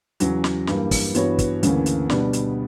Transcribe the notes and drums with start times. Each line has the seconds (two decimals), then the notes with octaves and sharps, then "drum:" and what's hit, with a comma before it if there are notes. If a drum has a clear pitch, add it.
0.20 E2 C#3 F#3 C#4, drum: hi-hat
0.44 drum: snare
0.67 G2 E3 G3 A#3, drum: snare
0.91 drum: kick, open hi-hat
1.15 G2 E3 B3 F#4 C#5, drum: hi-hat
1.39 drum: kick, hi-hat
1.63 D2 C#3 E3 A#3 C#4, drum: hi-hat
1.86 drum: hi-hat
2.10 B2 G3 B3 D4, drum: snare
2.33 drum: hi-hat